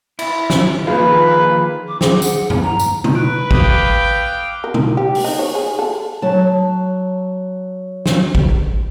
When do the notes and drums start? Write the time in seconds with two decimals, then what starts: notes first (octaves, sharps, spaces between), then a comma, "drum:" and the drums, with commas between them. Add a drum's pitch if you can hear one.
0.19 E4, drum: cymbal
0.50 drum: snare
0.87 D#3 F3 A#3 F4 G#4 B4
1.88 D6
2.01 G#4, drum: snare
2.22 F#5, drum: tambourine
2.50 E4, drum: tom G2
2.63 A#5
2.79 drum: tambourine
3.04 drum: tom B2
3.15 B4 F#6 D7
3.51 F5 G5 D6 D#6 G6, drum: kick
4.64 A#4
4.74 drum: tom B2
4.97 G4
5.15 drum: open hi-hat
5.24 D#4
5.39 C#5
5.55 G#4
5.79 A4
6.22 F#3 A5
8.06 drum: snare
8.35 drum: kick